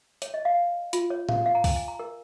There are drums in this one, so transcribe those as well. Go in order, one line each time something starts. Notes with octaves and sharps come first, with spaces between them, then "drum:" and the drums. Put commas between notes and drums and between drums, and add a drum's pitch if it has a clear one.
C#5, drum: hi-hat
D#5
F5
F4, drum: hi-hat
C#5
F5, drum: tom A2
F5
A#5
G#5, drum: kick, open hi-hat
G#5
A#5
A#4